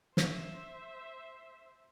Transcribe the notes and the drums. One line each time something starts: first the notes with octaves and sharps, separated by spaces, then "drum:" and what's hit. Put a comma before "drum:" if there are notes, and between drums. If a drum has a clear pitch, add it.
C5 E5, drum: snare